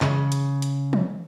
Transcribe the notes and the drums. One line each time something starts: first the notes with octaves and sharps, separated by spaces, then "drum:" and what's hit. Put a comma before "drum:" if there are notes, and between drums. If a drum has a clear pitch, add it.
C#3, drum: clap
drum: hi-hat
drum: hi-hat
drum: tom